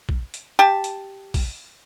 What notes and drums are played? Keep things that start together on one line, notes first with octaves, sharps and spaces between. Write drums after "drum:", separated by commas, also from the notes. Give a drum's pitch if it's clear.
drum: kick
drum: hi-hat
G4 A5
drum: hi-hat
drum: kick, open hi-hat